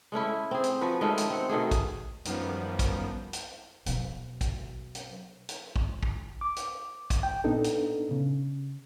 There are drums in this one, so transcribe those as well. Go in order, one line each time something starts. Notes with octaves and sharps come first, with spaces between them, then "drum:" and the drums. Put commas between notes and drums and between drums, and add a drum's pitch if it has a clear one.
G#3 A3 C#4 E4
C4 G#4
drum: hi-hat
F3 F#4 B4
D#3 G#3 A3 C#4
drum: hi-hat
C4 F#5
B2 D#3 A3 G#4
drum: kick, hi-hat
F#2 D#3 F3 G3 B3, drum: hi-hat
drum: kick, hi-hat
drum: hi-hat
B2 F#3, drum: hi-hat
drum: kick, hi-hat
drum: hi-hat
drum: hi-hat
drum: kick
drum: kick
D6
drum: hi-hat
drum: kick, hi-hat
G5
A#2 B3 D4 D#4 A4
drum: hi-hat
C#3